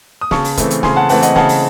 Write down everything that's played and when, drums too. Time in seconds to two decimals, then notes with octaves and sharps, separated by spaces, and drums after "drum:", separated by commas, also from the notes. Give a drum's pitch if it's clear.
0.21 D#6
0.31 C#3 A5 C#6, drum: snare
0.44 drum: open hi-hat
0.57 E3 A3 C4, drum: kick, hi-hat
0.70 drum: hi-hat
0.83 C#3 G#5 C6, drum: snare
0.96 F#5 A5
1.09 E3 A3 C4 F#5 A5, drum: open hi-hat
1.22 D#5 F#5, drum: hi-hat
1.36 C#3 F#5 A5, drum: snare
1.49 drum: open hi-hat